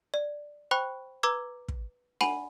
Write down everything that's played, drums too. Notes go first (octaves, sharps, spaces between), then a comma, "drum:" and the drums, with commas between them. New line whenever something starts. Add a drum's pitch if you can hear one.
D5
C5 G5 B5 C#6 F#6
B4 A#5 D6 E6 G#6
drum: kick
F#5 G#5 B5 D#7 F#7, drum: snare D4